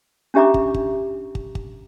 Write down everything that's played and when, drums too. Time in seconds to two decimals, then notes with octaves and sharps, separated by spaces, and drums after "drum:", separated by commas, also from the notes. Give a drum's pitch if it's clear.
0.34 C#4 D4 G4 E5 A#5 D6
0.54 drum: kick
0.74 drum: kick
1.35 drum: kick
1.55 drum: kick